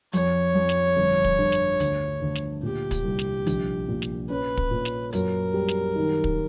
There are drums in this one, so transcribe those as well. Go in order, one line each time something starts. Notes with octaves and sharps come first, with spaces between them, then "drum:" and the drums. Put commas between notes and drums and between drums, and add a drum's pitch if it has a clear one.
F2 C#5, drum: hi-hat
F2
drum: snare
G1
drum: kick
G2
drum: snare
D2, drum: hi-hat
D2
drum: snare
A#2 G4
drum: kick, hi-hat
C2
drum: snare
A#1, drum: hi-hat
A#2
drum: snare
C#4 B4
drum: kick
A#2
drum: snare
F#2 A#4, drum: hi-hat
G3
drum: snare
D#3
drum: kick